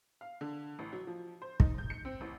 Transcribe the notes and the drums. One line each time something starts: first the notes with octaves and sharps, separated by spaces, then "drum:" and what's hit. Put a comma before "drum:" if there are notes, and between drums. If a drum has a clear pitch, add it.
F5
D3
A1
F#3
F3
C5
D#4, drum: kick
G6
C#7
C4
A1